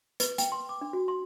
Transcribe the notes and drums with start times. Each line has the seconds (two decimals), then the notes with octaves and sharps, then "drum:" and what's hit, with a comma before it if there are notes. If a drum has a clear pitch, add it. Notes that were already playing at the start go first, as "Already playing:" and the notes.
0.20 B4, drum: hi-hat
0.38 G5, drum: hi-hat
0.52 C6
0.69 D6
0.81 D4
0.93 F#4
1.08 C6